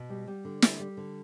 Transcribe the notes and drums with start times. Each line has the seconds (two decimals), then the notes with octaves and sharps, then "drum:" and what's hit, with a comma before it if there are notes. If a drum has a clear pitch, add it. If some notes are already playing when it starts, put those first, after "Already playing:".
Already playing: B2
0.10 G3
0.27 G3
0.45 D3
0.62 G3, drum: snare
0.80 G3
0.97 D3